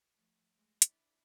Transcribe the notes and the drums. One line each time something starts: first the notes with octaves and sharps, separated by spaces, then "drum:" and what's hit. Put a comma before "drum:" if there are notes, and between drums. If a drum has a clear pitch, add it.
F3 A3
G#3 A3
D4 E4, drum: hi-hat